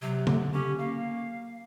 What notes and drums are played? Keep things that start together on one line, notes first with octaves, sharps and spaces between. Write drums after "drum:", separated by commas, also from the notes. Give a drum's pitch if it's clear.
C3 F#3
D3, drum: tom C#3
C#4 G4
A#3 F5